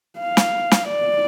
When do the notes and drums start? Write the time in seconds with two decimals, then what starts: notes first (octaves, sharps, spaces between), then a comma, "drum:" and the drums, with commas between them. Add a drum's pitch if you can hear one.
0.19 F5
0.37 drum: snare
0.71 drum: snare
0.89 D5